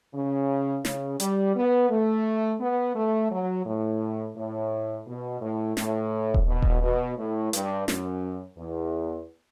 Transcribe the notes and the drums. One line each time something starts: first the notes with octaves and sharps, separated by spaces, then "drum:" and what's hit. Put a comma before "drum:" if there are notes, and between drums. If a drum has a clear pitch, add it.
C#3
C#3, drum: snare
G3, drum: hi-hat
B3
A3
B3
A3
F#3
A2
A2
B2
A2
A2, drum: snare
drum: kick D#1
B2
drum: kick D#1
B2
A2
G2, drum: hi-hat
F#2, drum: snare
E2